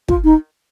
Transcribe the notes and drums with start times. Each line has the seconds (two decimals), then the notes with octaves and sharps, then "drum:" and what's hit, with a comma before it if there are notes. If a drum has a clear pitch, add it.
0.08 F4, drum: kick
0.24 D#4